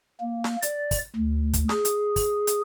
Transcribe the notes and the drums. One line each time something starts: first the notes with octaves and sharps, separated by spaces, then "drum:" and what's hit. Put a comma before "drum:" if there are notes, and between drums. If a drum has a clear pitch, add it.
A#3
drum: snare
D5, drum: hi-hat
drum: kick, open hi-hat
D2
drum: kick, hi-hat
G#4, drum: snare
drum: hi-hat
drum: kick, open hi-hat
drum: hi-hat